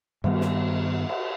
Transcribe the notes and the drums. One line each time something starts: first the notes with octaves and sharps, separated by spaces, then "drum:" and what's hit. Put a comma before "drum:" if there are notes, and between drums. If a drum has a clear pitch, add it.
G2 D#3 G3 B3, drum: cymbal
drum: snare
drum: cymbal